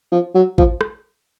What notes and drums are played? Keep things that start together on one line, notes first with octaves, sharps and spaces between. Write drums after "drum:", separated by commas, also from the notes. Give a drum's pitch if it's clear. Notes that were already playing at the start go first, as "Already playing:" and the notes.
F3
F#3
F3, drum: kick A1
drum: rim click